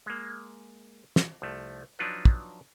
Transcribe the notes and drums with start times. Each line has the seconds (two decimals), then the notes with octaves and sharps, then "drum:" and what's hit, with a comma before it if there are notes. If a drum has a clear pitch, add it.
0.06 G#3 A#3
1.16 drum: snare
1.42 C2 F3 A3
1.99 F3 F#3 D4 D#4 F4 B4
2.25 drum: kick